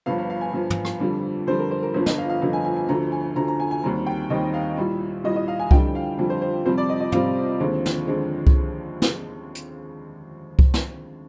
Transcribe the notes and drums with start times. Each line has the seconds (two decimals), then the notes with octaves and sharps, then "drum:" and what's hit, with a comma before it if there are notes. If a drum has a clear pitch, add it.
0.06 G1 G2 F3 F5
0.18 F5
0.30 F5
0.41 G#5
0.53 G1 G2 F3
0.70 drum: tom
0.85 drum: rim click
1.00 F2 D3 G3
1.47 F2 D3 G3 C5
1.59 A#4
1.71 C5
1.83 A#4
1.94 G1 F2 D3 F3 C5
2.06 D#5, drum: snare
2.18 F5
2.29 F5
2.41 G1 F2 D3 F3 F5
2.53 G#5
2.65 G#5
2.77 G#5
2.88 D2 D3 F3 A#5
3.12 G#5
3.36 D2 D3 F3 A#5
3.48 A#5
3.60 G#5
3.71 G#5
3.83 D#2 D#3 G3 C4 A#5
4.07 G5
4.30 D#2 D#3 G3 C4 D#5
4.54 F5
4.77 C2 A#2 G3
5.24 C2 A#2 G3 D#5
5.36 D#5
5.48 F5
5.59 G#5
5.71 F2 D3 G3 G5, drum: kick C2
5.95 F5
6.18 F2 D3 G3
6.30 C5
6.42 C5
6.66 F2 C3 G3 C4 C5
6.78 D5
6.89 D#5
7.00 D#5
7.12 F2 C3 G3 C4 F5, drum: tom
7.60 D#2 D3 F3 G#3 C4
7.86 drum: snare
8.07 D3 F3 G#3 C4
8.47 drum: kick C2
9.02 drum: snare
9.55 drum: hi-hat
10.59 drum: kick C2
10.74 drum: snare